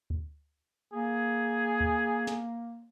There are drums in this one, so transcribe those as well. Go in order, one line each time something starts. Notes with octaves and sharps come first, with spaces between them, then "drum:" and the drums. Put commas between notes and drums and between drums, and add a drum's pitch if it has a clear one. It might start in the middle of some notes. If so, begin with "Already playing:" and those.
drum: kick D2
A#3 G#4
drum: kick D2
drum: snare